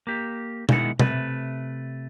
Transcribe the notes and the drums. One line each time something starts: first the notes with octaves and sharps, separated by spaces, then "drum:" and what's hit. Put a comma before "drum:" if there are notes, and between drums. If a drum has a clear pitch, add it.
A#3 G4
B2 D3 D#3 G#3 E4 F#5, drum: tom B2
C3 A3 B4, drum: tom B2